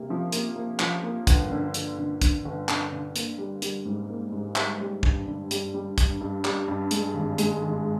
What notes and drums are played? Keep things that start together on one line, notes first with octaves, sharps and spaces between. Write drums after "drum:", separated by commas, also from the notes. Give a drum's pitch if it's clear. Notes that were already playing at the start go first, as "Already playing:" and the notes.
Already playing: C3 A#3
F3
A#3, drum: hi-hat
A#3
F3, drum: clap
A#3
G1, drum: kick, hi-hat
D3
G1, drum: hi-hat
D3
D3, drum: kick, hi-hat
G1
D3, drum: clap
D3
A#3, drum: hi-hat
G3
G3, drum: hi-hat
G#2
A#3
G#2
G3, drum: clap
G3
G2, drum: kick
D3
G3, drum: hi-hat
G3
G2, drum: kick, hi-hat
G2
G3, drum: clap
G2
G#3, drum: hi-hat
G#1
G#3, drum: hi-hat
G#1